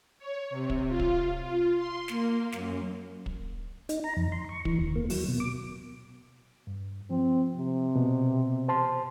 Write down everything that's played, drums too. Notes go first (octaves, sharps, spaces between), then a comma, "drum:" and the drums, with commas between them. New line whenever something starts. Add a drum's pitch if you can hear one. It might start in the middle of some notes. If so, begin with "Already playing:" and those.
C#5
C3
drum: kick
F4
drum: kick
F4
C6
A#3, drum: snare
F#2, drum: snare
drum: kick
D#4, drum: hi-hat
A#5
F2
C6
C#6
E3, drum: kick
D#2
A#3
F#3, drum: open hi-hat
B2
D6
G2
F3 C4
C3
B2
C5 A5 C6